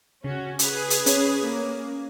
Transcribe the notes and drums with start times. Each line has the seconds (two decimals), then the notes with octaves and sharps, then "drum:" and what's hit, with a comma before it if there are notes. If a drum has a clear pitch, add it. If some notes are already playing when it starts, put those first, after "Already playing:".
0.24 C#3 C#4 F#4
0.59 G#4 B4, drum: hi-hat
0.90 drum: hi-hat
1.06 C#4 C#5, drum: hi-hat
1.44 A#3